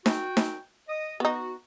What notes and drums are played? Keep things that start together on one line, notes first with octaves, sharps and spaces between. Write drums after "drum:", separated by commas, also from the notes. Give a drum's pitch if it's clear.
F#4 G5, drum: snare D#4
drum: snare D#4
D#5 D#6
B3 D#4 F#4